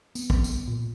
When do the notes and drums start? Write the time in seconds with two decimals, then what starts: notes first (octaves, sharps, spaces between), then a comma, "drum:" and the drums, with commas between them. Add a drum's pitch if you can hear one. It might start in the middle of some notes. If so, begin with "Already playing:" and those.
0.15 B3, drum: tambourine
0.30 drum: kick
0.44 drum: tambourine
0.67 A#2